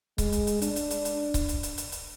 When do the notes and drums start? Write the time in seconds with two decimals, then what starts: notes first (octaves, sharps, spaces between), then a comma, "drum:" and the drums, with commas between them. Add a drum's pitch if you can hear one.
0.18 G#3, drum: kick C#1, hi-hat
0.33 drum: hi-hat
0.47 drum: hi-hat
0.62 D4, drum: hi-hat
0.76 drum: hi-hat
0.91 drum: hi-hat
1.05 drum: hi-hat
1.34 drum: kick C#1, hi-hat
1.49 drum: hi-hat
1.63 drum: hi-hat
1.78 drum: hi-hat
1.92 drum: hi-hat